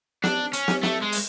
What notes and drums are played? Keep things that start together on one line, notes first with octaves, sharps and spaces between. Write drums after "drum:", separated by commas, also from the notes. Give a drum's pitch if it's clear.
D4, drum: snare
C#4, drum: hi-hat
drum: snare
A3, drum: snare
G#3
drum: open hi-hat